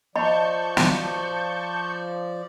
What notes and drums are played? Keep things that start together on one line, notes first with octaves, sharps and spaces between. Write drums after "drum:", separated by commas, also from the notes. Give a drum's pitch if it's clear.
F3 D5 D#5 A5 B5 C#6 G6
drum: snare